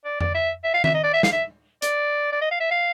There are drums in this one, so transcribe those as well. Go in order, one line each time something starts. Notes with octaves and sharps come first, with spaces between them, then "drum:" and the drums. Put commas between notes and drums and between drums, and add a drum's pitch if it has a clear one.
D5
D5, drum: tom F2
E5
E5
F5
E5, drum: tom D#3
D#5
D5
E5
F5, drum: snare
E5
D5, drum: hi-hat
D5
D#5
F5
E5
F5